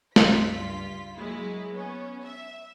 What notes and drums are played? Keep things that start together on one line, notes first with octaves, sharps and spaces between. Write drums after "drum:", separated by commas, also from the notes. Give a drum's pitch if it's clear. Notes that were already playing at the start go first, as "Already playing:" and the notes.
C#2 G2 F4 B6, drum: snare
F#3 G#3 A#3 E4
B3 C#4
E5